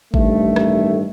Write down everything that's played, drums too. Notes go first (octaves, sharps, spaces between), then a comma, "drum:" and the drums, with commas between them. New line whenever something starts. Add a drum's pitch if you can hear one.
A1 G2 D#3 A3, drum: kick
drum: rim click